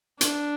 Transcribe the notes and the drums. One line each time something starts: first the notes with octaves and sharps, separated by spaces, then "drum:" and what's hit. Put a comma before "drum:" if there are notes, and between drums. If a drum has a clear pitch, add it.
D4, drum: hi-hat